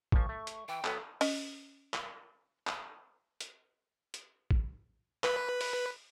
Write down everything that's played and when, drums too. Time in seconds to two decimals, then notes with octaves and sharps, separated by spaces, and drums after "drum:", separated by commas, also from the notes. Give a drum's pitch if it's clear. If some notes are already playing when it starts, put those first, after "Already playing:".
0.12 A#2 F3 C#6, drum: kick
0.29 A3
0.47 drum: hi-hat
0.68 E3 G5
0.85 F#3 B3 A4, drum: clap
1.21 C#4 D#5, drum: open hi-hat
1.94 drum: clap
2.67 drum: clap
3.41 drum: hi-hat
4.14 drum: hi-hat
4.51 drum: kick
5.24 B4, drum: clap
5.61 drum: open hi-hat